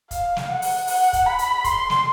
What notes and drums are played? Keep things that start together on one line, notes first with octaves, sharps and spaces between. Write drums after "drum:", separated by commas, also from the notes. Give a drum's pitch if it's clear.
F5, drum: kick, hi-hat
drum: snare
F#5
drum: open hi-hat
F#5, drum: open hi-hat
drum: kick, hi-hat
B5
drum: hi-hat
C6, drum: kick, hi-hat
drum: snare